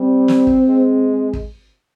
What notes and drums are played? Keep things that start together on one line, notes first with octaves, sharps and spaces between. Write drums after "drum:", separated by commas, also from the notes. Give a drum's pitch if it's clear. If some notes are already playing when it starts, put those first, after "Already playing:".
Already playing: G3 C4
drum: snare
drum: kick
G#3
drum: kick